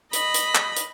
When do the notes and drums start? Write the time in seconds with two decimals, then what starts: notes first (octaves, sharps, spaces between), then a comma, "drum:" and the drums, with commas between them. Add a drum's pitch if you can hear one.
0.13 D#5 B5, drum: hi-hat
0.34 drum: hi-hat
0.55 drum: clap
0.76 drum: hi-hat